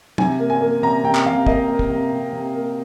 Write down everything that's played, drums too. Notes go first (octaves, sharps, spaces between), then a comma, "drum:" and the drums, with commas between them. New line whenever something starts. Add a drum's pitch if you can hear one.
C3 G#5, drum: tom
A#3
G#5
A#3
C3 A#5
C3 G5
drum: clap
C3 F5
A#3 D#5, drum: kick
A#3
drum: kick
C3
C3
C3
A#3